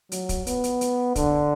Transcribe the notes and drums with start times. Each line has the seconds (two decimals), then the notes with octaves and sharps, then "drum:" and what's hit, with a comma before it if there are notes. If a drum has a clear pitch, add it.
0.12 F#3, drum: hi-hat
0.29 drum: kick, hi-hat
0.47 B3, drum: hi-hat
0.64 drum: hi-hat
0.81 drum: hi-hat
1.15 D3, drum: kick, hi-hat